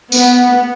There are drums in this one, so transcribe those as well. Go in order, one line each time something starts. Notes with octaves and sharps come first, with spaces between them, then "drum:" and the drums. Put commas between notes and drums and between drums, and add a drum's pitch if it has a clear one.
B3, drum: tambourine